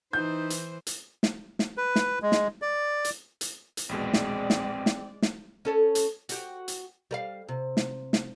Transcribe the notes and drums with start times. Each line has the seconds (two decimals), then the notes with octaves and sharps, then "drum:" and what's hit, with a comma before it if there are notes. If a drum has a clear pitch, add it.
0.13 E3 D#4 C5 G6
0.50 drum: hi-hat
0.87 drum: hi-hat
1.23 drum: snare
1.59 drum: snare
1.77 B4
1.96 drum: snare
2.22 G#3
2.32 drum: snare
2.62 D5
3.05 drum: hi-hat
3.41 drum: hi-hat
3.77 drum: hi-hat
3.89 A#1 E2 B2 G#3 C4 D5
4.13 drum: snare
4.50 drum: snare
4.86 drum: snare
5.22 drum: snare
5.65 C#4 A4 C#5
5.95 drum: hi-hat
6.29 F#4 G4, drum: hi-hat
6.68 drum: hi-hat
7.11 G3 A#4 F5
7.48 C3
7.77 drum: snare
8.13 drum: snare